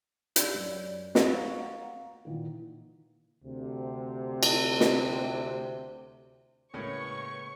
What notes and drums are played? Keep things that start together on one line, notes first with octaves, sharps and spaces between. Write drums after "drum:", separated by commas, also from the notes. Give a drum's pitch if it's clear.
D5 E6 G6 G#6, drum: hi-hat
F#2
F5 F#5 A#5 C#6 G#6 A6, drum: snare
A#2 D#3 E3
D2 C3
drum: cymbal
drum: snare
A2 C#3 G#3 A#3 C#4 B4 C#5 C#6